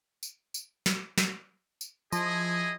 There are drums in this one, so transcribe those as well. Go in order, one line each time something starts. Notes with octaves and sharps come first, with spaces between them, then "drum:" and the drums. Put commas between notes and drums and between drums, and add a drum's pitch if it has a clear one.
drum: tambourine
drum: tambourine
drum: snare
drum: snare
drum: tambourine
F3 E4 G#4 D#5, drum: tambourine